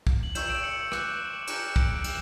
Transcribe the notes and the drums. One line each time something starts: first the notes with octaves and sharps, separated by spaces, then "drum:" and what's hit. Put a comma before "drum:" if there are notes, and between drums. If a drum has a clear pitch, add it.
drum: kick
F#7
C#6 E6 G6 E7, drum: cymbal
D7
C#7
D6 F#6, drum: rim click
C#6 G6, drum: cymbal
D7, drum: kick
D7
F#6 E7, drum: cymbal